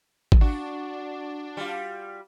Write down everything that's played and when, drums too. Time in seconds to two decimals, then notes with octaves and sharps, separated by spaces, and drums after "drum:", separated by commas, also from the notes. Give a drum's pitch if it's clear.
0.32 drum: kick G#1
0.41 D4 F#4
1.57 G3 F4